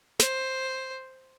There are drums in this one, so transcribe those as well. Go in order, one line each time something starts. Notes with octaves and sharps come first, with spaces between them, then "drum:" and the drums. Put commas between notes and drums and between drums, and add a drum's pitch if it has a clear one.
C5, drum: snare